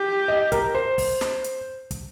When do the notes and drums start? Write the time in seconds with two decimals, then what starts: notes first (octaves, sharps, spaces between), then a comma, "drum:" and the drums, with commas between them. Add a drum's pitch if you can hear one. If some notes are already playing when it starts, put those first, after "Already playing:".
Already playing: G4
0.28 D#5
0.52 A#4, drum: kick, hi-hat
0.75 C5
0.98 drum: kick, open hi-hat
1.21 drum: snare
1.44 drum: hi-hat
1.91 drum: kick, hi-hat